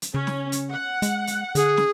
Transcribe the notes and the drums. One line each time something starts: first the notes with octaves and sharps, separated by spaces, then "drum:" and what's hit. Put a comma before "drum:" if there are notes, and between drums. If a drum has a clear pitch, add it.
drum: hi-hat
C#3 C#4
drum: snare
drum: hi-hat
F#5
G#3, drum: hi-hat
drum: hi-hat
D3 G#4, drum: hi-hat
drum: snare